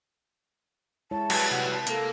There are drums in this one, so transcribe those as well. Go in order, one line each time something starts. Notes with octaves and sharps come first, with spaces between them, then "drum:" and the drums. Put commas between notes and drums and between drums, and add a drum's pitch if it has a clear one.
G#3 E4 C#5 A5
F#3 G3 B4, drum: cymbal
C3 E4 F#5
A5
A#3 A4, drum: hi-hat